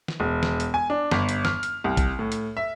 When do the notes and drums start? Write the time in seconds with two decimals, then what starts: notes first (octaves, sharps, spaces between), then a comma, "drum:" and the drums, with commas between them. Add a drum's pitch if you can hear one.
0.08 drum: snare
0.20 E1
0.43 drum: snare
0.60 drum: hi-hat
0.74 G#5
0.90 D4
1.11 G1, drum: snare
1.29 drum: hi-hat
1.45 F6, drum: snare
1.63 drum: hi-hat
1.84 C2
1.97 drum: kick, hi-hat
2.19 A2
2.32 drum: hi-hat
2.57 E5